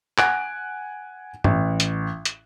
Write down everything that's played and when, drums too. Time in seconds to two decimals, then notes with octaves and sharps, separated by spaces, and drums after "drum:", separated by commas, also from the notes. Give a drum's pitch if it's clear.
0.18 F#5 G#5 F#6 D7, drum: clap
1.44 A1, drum: tom
1.80 drum: hi-hat
2.25 drum: hi-hat